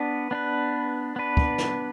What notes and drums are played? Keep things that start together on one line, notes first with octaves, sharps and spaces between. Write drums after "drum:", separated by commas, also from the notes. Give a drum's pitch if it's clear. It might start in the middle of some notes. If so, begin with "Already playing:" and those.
Already playing: B3 D4 B4
B3 D4 B4
B3 D4 B4
drum: kick
drum: snare